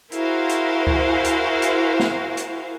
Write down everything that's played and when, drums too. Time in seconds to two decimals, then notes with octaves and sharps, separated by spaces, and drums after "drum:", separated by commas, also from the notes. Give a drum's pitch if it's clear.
0.12 E4 F#4 G#4 A#4 C5 F5, drum: hi-hat
0.49 drum: hi-hat
0.87 drum: kick C#2
1.24 drum: hi-hat
1.62 drum: hi-hat
1.99 drum: snare
2.37 drum: hi-hat